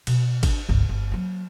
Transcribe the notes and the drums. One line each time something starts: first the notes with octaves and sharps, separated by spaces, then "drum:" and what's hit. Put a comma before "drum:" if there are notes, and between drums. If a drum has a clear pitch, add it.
B2, drum: cymbal
D4, drum: kick G#1, cymbal
G1 C#2
G1
F#3 A#3